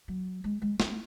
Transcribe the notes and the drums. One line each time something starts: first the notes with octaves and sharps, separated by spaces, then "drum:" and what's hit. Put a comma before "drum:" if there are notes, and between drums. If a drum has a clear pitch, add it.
F#3
G#3
G#3
A3, drum: snare